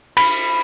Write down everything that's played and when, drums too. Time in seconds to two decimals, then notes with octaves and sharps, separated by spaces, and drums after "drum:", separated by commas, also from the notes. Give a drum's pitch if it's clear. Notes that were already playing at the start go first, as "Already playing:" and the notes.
0.17 B5, drum: cymbal